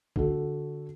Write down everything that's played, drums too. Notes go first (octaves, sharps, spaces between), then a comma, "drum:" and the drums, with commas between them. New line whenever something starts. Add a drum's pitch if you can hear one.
D3 F#4 A4, drum: kick C2